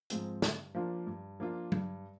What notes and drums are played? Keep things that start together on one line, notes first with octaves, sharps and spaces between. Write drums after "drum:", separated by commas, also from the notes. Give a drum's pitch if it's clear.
G#2 F3 G#3 C4, drum: hi-hat
G2, drum: snare
F3 A#3 D4 F4
G2
F3 A#3 D4 F4
G2, drum: tom F#3